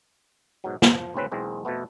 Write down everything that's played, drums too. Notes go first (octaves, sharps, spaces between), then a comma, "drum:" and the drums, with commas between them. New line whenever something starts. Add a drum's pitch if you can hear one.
G#2 B2 F#3
F3, drum: snare
D2 A2 C#3 C4 C#4 B4
B1 E2 G#3 A#3 C4
F2 B2 F3 A3 B3